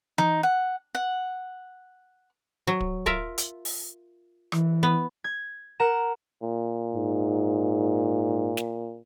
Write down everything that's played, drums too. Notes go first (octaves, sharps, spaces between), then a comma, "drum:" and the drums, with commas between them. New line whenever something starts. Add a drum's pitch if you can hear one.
D#4, drum: tom E3
F#5
F#5
F#3
drum: kick
F4 A#4 E5, drum: kick
drum: hi-hat
drum: open hi-hat
E3, drum: rim click
B3
G#6
A#4 F#5 A#5 E7
A#2
G#2
drum: snare